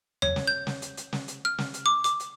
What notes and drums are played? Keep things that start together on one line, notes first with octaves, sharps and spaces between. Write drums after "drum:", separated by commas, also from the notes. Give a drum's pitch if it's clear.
C#5, drum: tom E2
drum: snare
G6
drum: snare
drum: hi-hat
drum: hi-hat
drum: snare
drum: hi-hat
F6
drum: snare
drum: hi-hat
D6
D6, drum: hi-hat
drum: hi-hat